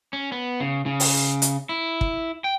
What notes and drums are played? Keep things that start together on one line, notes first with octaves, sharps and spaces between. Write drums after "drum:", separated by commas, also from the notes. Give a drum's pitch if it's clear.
C#4
B3
C#3
C#3
drum: open hi-hat
drum: hi-hat
E4
drum: kick
G5